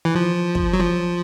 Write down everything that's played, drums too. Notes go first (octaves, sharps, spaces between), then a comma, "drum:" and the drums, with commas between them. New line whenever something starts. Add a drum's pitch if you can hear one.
E3
F3
drum: kick
F#3
F3